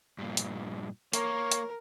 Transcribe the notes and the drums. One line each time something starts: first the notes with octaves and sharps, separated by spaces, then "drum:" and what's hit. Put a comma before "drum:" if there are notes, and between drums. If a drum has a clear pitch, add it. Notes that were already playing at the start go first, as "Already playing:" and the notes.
G2 A#2
drum: hi-hat
A#3 A#4 C#5, drum: hi-hat
drum: hi-hat